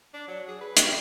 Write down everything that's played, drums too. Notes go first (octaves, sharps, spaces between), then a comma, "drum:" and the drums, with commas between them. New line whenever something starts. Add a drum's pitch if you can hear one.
D4
F#3
G#4
B4
G4, drum: hi-hat